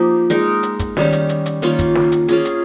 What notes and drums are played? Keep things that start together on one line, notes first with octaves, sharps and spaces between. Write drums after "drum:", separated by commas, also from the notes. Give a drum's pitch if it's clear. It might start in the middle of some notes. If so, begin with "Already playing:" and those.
Already playing: F3 A#3 D#4 G4
G#3 D#4 A#4, drum: hi-hat
drum: hi-hat
drum: kick, hi-hat
D#3 G3 C#4, drum: snare
drum: hi-hat
drum: hi-hat
drum: hi-hat
D#3 A#3 C#4 F4, drum: hi-hat
drum: kick, hi-hat
drum: snare
drum: hi-hat
A#3 C#4 F4 G#4, drum: hi-hat
drum: hi-hat